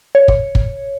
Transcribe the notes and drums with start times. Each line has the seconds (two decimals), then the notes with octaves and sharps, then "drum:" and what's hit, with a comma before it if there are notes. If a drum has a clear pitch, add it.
0.15 C#5
0.28 drum: kick
0.55 drum: kick